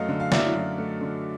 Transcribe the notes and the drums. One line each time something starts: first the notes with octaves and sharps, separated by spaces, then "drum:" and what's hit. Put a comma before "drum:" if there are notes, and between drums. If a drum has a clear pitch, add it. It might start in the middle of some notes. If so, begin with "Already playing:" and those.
Already playing: F#2 F#3 A3 D#5 F5
D3
F5
F#3 D5 E5, drum: snare
F#2
A3
D3